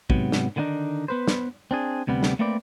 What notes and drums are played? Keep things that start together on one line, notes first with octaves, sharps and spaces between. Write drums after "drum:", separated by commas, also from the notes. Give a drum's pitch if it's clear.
G#2 C3 F#3 B3, drum: kick
drum: snare
D3 D#3 B3 D4 D#4
B3 B4 C5
drum: snare
C4 D4 G#4
D2 C3 G3 B3
drum: snare
A3 A#3 C4 B4 D5